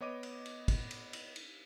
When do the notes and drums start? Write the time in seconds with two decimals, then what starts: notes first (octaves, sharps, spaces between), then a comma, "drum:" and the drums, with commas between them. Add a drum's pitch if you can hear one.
0.01 B3 C#5 D#5 D6 D#7
0.23 drum: cymbal
0.46 drum: cymbal
0.68 drum: kick, cymbal
0.91 drum: cymbal
1.13 drum: cymbal
1.36 drum: cymbal